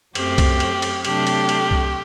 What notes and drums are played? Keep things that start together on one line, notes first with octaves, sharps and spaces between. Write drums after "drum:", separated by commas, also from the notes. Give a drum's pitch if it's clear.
F#2 F#3 A3 C4 G4, drum: cymbal
drum: kick C2, cymbal
drum: cymbal
drum: cymbal
C3 F#3 A3 D4 G4, drum: cymbal
drum: cymbal
drum: cymbal
drum: kick C2